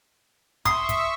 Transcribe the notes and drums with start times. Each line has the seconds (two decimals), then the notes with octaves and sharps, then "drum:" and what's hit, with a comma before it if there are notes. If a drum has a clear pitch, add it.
0.65 E5 C6 C#6 D#6, drum: kick, hi-hat
0.89 drum: kick, hi-hat